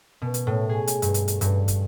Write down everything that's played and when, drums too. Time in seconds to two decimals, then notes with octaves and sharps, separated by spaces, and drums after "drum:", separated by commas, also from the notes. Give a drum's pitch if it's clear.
0.22 B2
0.34 drum: hi-hat
0.47 A2
0.69 G#4
0.87 drum: hi-hat
1.02 G2, drum: hi-hat
1.14 drum: hi-hat
1.28 drum: hi-hat
1.41 G2, drum: hi-hat
1.68 drum: kick, hi-hat